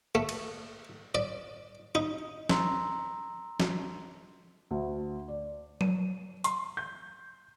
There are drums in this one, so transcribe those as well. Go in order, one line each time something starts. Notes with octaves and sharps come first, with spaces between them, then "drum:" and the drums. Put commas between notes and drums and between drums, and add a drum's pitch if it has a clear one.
A3
drum: cymbal
D5
D#4
A#5 C6 E6, drum: snare
drum: snare
D2
D5
D#7, drum: tom F#3
C6, drum: hi-hat
G6